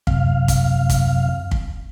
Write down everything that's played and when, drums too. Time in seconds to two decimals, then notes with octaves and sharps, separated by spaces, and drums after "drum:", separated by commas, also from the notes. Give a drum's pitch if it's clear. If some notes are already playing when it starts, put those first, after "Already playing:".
0.07 F#2 C3 F5, drum: kick
0.48 drum: kick, hi-hat
0.90 drum: kick, hi-hat
1.51 drum: kick